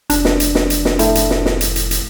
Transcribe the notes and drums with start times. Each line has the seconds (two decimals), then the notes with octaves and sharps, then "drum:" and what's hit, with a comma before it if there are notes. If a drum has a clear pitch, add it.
0.10 F1 D4, drum: hi-hat
0.25 drum: snare
0.40 drum: hi-hat
0.55 drum: snare
0.70 drum: hi-hat
0.85 drum: snare
0.99 A2, drum: hi-hat
1.15 drum: hi-hat
1.30 drum: snare
1.46 drum: snare
1.61 drum: hi-hat
1.76 drum: hi-hat
1.91 drum: hi-hat